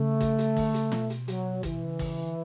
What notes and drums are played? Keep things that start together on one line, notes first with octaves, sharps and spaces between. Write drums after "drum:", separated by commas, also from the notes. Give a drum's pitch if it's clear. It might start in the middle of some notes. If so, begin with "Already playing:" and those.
Already playing: C#3 A3
drum: kick, hi-hat
drum: hi-hat
D3, drum: kick, open hi-hat
C#3, drum: hi-hat
B2, drum: snare
drum: hi-hat
F#3, drum: hi-hat
C#3 E3, drum: kick, hi-hat
B2
C#3
drum: kick, open hi-hat
D3